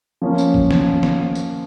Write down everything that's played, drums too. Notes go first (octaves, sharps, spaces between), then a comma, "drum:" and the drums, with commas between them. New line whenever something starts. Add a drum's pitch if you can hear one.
F3 A#3 C#4
drum: tambourine
drum: kick
drum: snare
drum: snare
drum: tambourine